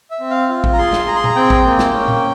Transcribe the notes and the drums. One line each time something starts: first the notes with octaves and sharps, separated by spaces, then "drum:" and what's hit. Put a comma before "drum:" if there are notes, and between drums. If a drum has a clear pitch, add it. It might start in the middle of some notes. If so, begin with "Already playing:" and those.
E5
C4
F5
F4
drum: kick
A#5
G#4 C6
drum: snare
G#4 A#5
C6
A#5, drum: tom A#2
C4 G5
drum: kick
A#3
drum: snare
C#4
drum: tom A#2